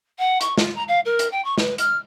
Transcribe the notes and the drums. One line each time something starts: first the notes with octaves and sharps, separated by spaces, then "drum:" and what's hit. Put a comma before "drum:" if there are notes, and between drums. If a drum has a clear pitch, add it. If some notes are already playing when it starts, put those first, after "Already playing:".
F#5
C#6, drum: hi-hat
F4, drum: snare
A#5
F5
A#4
drum: hi-hat
G5
C#6
B4, drum: snare
F6, drum: hi-hat